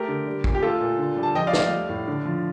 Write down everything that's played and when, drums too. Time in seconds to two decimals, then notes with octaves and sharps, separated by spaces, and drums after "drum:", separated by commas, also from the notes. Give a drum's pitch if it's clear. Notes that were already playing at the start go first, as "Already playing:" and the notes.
Already playing: A3 G4 A#4
0.08 D3
0.26 G3
0.44 A#2, drum: kick
0.54 G4
0.63 A3 F4 A4
0.81 A#2
0.99 D3
1.17 G3
1.23 A5
1.35 F3 D#5 G5
1.47 D5 F5
1.53 A3, drum: snare
1.59 D5 F5
1.71 G3
1.89 A2
2.08 D3
2.25 F3